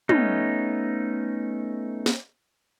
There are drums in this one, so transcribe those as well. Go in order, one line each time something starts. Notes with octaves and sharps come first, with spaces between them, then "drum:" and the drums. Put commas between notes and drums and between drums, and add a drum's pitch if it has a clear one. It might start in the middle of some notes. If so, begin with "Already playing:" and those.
A3 B3 C#4 D#4, drum: tom
drum: snare